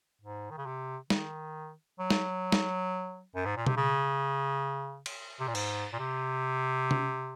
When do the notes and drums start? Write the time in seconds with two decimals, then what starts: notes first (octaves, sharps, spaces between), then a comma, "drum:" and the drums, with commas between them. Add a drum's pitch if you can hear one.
0.22 G#2
0.51 D#3
0.58 C#3
0.66 C3
1.10 D#3, drum: snare
1.99 F#3
2.10 drum: snare
2.52 drum: snare
3.35 F#2
3.45 G#2
3.56 A#2
3.66 C3, drum: tom B2
3.77 C#3
5.06 drum: cymbal
5.40 C3
5.48 A#2
5.55 G#2, drum: cymbal
5.93 A#2
5.99 C3
6.91 drum: tom C3